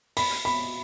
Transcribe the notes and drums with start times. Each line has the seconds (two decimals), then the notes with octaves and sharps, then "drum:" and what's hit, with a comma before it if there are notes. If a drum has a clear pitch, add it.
0.17 B5, drum: open hi-hat
0.45 B5